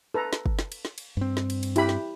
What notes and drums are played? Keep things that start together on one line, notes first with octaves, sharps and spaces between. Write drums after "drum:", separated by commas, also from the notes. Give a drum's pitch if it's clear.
A4 B4 A#5
drum: snare
drum: kick
drum: snare
drum: cymbal
drum: snare
drum: cymbal
G2 C4
drum: snare
drum: cymbal
drum: cymbal
E4 G4 B5, drum: cymbal
drum: snare